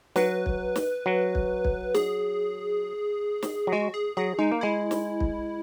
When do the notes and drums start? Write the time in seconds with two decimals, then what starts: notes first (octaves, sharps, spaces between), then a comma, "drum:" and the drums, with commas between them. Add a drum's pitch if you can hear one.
0.16 F#3 B4, drum: snare
0.46 drum: kick
0.76 drum: snare
1.06 F#3
1.35 drum: kick
1.65 drum: kick
1.94 G#4, drum: snare
3.42 drum: snare
3.67 F#3
3.72 G#3 F#4
3.94 G#4
4.17 F#3 G#4
4.39 G#3 D#4
4.52 A#3
4.61 G#3 E4
4.91 drum: snare
5.20 drum: kick